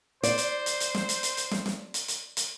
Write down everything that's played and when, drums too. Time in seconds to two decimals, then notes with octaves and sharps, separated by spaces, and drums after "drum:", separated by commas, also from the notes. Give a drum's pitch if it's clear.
0.23 C5 D5, drum: hi-hat
0.38 drum: hi-hat
0.66 drum: hi-hat
0.80 drum: hi-hat
0.95 drum: snare
1.09 drum: hi-hat
1.23 drum: hi-hat
1.37 drum: hi-hat
1.51 drum: snare
1.66 drum: snare
1.94 drum: hi-hat
2.08 drum: hi-hat
2.37 drum: hi-hat